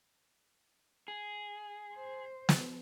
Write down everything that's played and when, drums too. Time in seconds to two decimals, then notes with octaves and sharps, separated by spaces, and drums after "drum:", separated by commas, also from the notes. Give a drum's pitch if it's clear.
1.08 G#4
1.93 C5
2.49 drum: snare